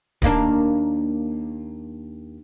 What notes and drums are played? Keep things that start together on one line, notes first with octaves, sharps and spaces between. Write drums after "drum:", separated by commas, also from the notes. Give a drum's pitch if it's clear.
D#2 A#3 D4, drum: kick D1